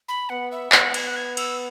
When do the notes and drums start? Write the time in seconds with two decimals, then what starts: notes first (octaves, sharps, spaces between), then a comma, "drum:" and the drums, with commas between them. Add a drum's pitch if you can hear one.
0.09 B5
0.29 B3 F#5
0.52 E5
0.72 B3 F#5, drum: clap
0.94 G#6, drum: cymbal
1.07 F#6
1.16 G#6
1.37 E6, drum: cymbal